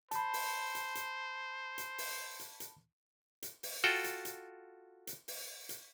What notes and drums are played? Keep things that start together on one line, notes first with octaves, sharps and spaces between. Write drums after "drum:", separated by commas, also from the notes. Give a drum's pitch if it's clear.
C5 A5 B5, drum: hi-hat
drum: open hi-hat
drum: hi-hat
drum: hi-hat
drum: hi-hat
drum: open hi-hat
drum: hi-hat
drum: hi-hat
drum: hi-hat
drum: open hi-hat
F4 F#4 A4 G5
drum: hi-hat
drum: hi-hat
drum: hi-hat
drum: open hi-hat
drum: hi-hat